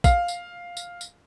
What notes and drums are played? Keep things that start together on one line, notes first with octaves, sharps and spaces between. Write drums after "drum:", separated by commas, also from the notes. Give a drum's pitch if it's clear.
F5, drum: kick, tambourine
drum: tambourine
drum: tambourine
drum: tambourine